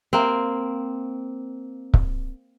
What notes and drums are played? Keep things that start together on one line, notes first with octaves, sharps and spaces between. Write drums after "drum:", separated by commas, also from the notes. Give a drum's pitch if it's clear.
A#3 C4
drum: kick C#1